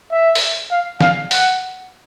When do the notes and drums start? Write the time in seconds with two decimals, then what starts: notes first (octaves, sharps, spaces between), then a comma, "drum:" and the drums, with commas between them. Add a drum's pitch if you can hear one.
0.11 E5
0.35 drum: open hi-hat
0.71 F5
1.00 F5, drum: snare
1.31 F#5, drum: open hi-hat